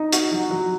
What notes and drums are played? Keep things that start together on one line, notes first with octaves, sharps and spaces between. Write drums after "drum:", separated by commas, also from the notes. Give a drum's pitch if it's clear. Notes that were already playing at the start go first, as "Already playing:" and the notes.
Already playing: D#4
F#4, drum: hi-hat
F#3
F#3